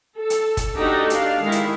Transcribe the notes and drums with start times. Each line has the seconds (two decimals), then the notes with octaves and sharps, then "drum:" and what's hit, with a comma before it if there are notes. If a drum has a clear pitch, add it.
0.16 A4
0.30 drum: hi-hat
0.57 drum: kick, hi-hat
0.76 A3 D4 D#4 F#4 G4 A4
1.10 D4 F5, drum: hi-hat
1.43 D#3 G#3 E4
1.52 drum: hi-hat